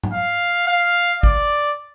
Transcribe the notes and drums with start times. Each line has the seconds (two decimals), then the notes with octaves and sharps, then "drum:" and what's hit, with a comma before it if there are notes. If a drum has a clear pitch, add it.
0.03 drum: tom G#2
0.13 F5
0.67 F5
1.23 D5, drum: kick